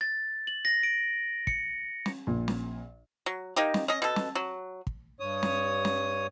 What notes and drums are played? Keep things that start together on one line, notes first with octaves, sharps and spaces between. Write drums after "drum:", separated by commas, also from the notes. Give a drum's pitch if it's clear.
A6
F#7
A#6
D7
C#7, drum: kick
drum: snare
A#1 A#2
drum: snare
F#3
A#3 D#4 G4
drum: snare
C#4 D#5
B2 A4
drum: snare
F#3
drum: kick
G2 C#5 D#6
drum: snare
drum: snare